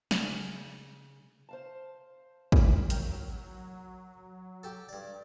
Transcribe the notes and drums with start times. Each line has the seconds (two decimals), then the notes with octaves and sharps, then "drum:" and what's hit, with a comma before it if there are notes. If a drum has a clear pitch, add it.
0.11 C#3, drum: snare
1.49 C5 F5 A5
2.52 drum: kick
2.90 F#3 A#4 G5, drum: hi-hat
4.63 G4 A4
4.89 G2 D5